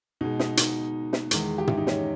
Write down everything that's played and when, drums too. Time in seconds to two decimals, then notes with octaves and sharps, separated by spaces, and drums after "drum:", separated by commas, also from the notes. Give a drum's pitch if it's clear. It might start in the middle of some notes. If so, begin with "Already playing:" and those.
0.21 B2 G#3 D#4
0.39 D#4, drum: snare
0.57 D#4, drum: hi-hat
1.13 drum: snare
1.31 E2 D#3 G#3, drum: hi-hat
1.58 G4
1.67 E4, drum: tom
1.77 D#4
1.87 C#4, drum: snare